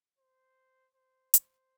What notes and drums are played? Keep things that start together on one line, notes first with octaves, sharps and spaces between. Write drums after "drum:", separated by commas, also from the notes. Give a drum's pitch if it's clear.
C5
C5
C5, drum: hi-hat